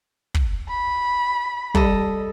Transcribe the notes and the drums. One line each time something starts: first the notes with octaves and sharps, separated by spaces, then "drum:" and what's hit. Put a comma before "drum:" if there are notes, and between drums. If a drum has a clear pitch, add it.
drum: kick
B5
G3 A4 D#5, drum: kick